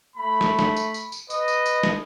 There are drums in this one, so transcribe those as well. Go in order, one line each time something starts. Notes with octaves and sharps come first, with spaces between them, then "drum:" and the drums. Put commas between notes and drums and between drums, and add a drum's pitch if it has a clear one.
A3 B5
drum: snare
drum: snare
drum: tambourine
drum: tambourine
drum: tambourine
B4 D#5, drum: tambourine
drum: tambourine
drum: tambourine
drum: snare